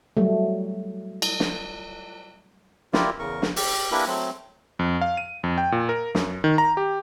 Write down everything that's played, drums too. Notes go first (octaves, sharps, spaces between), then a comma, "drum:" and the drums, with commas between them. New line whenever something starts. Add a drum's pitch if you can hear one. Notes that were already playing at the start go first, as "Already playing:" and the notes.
F#3 G3 A3
drum: cymbal
drum: snare
E4 F4 G4 A#4 D5, drum: snare
E2 C#3 A#4 C#6
drum: snare
G4, drum: open hi-hat
A#3 D4 E4 G4 A#4 B4
F#3 A3 C4
F2
F5
D#7
F2
G5
A#2
A#4
F#2, drum: snare
D#3
A#5
G4